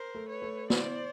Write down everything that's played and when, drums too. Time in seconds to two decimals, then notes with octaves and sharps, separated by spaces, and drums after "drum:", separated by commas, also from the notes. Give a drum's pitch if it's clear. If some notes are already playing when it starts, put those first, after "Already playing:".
Already playing: A#4 C5
0.15 A3
0.28 B4 C#5
0.42 A3
0.70 E4 C5 D5, drum: snare